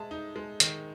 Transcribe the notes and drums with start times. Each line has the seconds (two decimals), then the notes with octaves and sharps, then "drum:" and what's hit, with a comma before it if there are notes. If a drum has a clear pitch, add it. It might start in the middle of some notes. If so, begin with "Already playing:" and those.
Already playing: G#3 E5 A5
0.11 D#4
0.36 G#3
0.60 D#3, drum: hi-hat